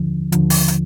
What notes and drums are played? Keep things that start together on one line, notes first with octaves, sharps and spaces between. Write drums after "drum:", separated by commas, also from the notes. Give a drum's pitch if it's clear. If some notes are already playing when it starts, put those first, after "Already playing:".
Already playing: D#2 D3 F3
D#2 D3 F3, drum: hi-hat
drum: open hi-hat
drum: hi-hat